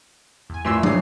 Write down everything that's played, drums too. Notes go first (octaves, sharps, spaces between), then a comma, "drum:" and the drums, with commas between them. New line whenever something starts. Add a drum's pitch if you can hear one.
E2 G#5
F#2 A#2 E3 A3 A#3 C6 E6
D4 D#4 G#4 C#5 C7, drum: tom